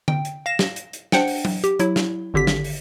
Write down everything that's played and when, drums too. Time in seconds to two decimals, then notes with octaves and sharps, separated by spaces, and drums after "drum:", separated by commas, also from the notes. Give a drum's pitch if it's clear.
0.08 G5, drum: tom D3
0.25 drum: hi-hat
0.46 F5 A#6 E7
0.59 drum: snare
0.76 drum: hi-hat
0.93 drum: hi-hat
1.12 D4 C5 F#5 G5 C#7, drum: snare
1.28 drum: open hi-hat
1.45 drum: tom F#3
1.64 G4, drum: hi-hat
1.79 F#3 E4, drum: hi-hat
1.96 drum: snare
2.34 G#1 D3 G4 B6
2.47 drum: snare
2.64 drum: open hi-hat